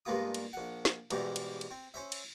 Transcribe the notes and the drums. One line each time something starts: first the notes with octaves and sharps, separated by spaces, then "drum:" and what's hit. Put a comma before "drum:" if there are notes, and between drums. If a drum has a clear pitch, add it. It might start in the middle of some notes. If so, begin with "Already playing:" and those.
G2 G#3 A#3 B3 F4 D#6
drum: cymbal
A#1 F#5
drum: snare
E2 G#2 B2 E3 G3 G4, drum: cymbal
drum: cymbal
drum: cymbal
C4
C#4 C5 E5
drum: cymbal